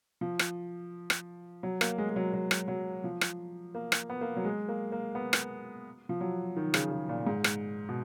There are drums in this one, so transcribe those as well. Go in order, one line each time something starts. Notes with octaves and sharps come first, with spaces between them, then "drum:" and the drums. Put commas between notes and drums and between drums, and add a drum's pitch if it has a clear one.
F3
drum: rim click
drum: rim click
F#3
A#3, drum: rim click
G#3
G#3
F#3
F#3
drum: rim click
F#3
F3
drum: rim click
A#3
drum: rim click
B3
A#3
F#3
G#3
A#3
A#3
B3
drum: rim click
F3
F#3
D#3
C#3, drum: rim click
C#3
A#2
G#2
drum: rim click
B2